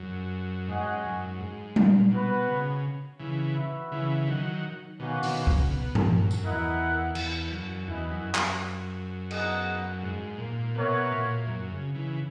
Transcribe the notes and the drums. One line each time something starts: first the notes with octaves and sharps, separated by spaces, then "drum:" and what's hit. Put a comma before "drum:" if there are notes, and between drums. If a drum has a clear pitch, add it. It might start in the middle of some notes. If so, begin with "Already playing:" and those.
Already playing: F#2
G#2 C#4 G#4 D#5 F#5
F#2
G#2
A#2, drum: tom G3
B2 B3 F#4 B4
C#3
C#3 E3
F#4 B4 E5
C#3 E3
D#3 F#3
B2 D#3 A#3 C#4 F#4
B2 D#3, drum: open hi-hat
C#3, drum: kick
B2
A#2, drum: tom G2
F#2
drum: tambourine
E2 E4 A#4 D#5 F#5
E2, drum: cymbal
F#2
E2 E4 G#4 D#5 F#5
F#2
F#2, drum: clap
B3 D#4 G#4 D#5 F#5, drum: cymbal
G#2
A#2
B2 F#4 A#4 C#5 E5
A#2
F#2
C#3
C#3 E3